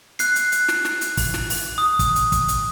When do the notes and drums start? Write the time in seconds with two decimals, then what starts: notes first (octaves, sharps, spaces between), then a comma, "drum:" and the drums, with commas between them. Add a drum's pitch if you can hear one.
0.19 F#6 C7, drum: hi-hat
0.36 drum: hi-hat
0.52 drum: hi-hat
0.68 drum: snare
0.85 drum: snare
1.01 drum: hi-hat
1.17 drum: kick, open hi-hat
1.34 drum: snare
1.50 drum: open hi-hat
1.78 D#6
1.99 drum: kick, hi-hat
2.16 drum: hi-hat
2.32 drum: kick, hi-hat
2.48 drum: hi-hat